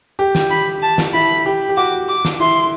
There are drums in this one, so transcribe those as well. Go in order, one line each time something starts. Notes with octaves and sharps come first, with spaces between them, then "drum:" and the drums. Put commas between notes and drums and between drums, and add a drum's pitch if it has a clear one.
G4
drum: snare
B5
A5
drum: snare
E4 B5
G4
G4
F#4 D6
D6
drum: snare
E4 C6